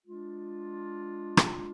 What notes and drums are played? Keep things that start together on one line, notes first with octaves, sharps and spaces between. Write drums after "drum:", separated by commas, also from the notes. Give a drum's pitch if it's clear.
G#3 D4 F4
drum: rim click